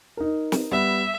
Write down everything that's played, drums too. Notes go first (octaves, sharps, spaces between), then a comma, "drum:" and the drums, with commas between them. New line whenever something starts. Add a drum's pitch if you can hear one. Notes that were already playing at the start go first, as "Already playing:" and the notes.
D#4 A#4
drum: snare
G3 B3 E5